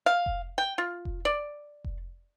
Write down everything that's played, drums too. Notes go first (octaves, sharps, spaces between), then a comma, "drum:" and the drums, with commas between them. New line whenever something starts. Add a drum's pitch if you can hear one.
F5
drum: kick F1
G5
F4
drum: kick F1
D5
drum: kick F1